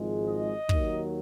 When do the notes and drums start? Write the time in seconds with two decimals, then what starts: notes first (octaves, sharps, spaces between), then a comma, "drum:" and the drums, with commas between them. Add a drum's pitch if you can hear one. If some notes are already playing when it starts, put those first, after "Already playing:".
Already playing: G#1 G#2 F3 G#3
0.28 D#5
0.69 D#2 D#3 F#3, drum: kick